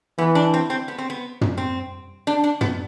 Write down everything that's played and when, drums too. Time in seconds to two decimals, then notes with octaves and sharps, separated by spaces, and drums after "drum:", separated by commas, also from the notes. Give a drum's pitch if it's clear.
0.18 E3 B3
0.35 D4
0.54 C4
0.70 C4
0.88 B3
0.98 C4
1.10 B3
1.41 drum: tom
1.57 C4
2.27 D4
2.44 D4
2.61 B3, drum: tom